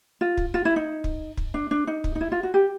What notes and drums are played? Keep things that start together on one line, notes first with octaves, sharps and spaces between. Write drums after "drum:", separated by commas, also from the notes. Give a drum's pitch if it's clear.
F4
drum: kick
F4
E4
D#4
drum: kick
drum: kick
D4
D4
D#4
drum: kick
D#4
E4
F4
F#4
G4